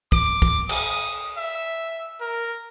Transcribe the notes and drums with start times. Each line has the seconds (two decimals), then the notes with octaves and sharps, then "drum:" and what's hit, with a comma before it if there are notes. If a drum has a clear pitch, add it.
0.12 D6, drum: kick
0.42 drum: kick
0.69 D#6, drum: cymbal
1.37 E5
2.20 A#4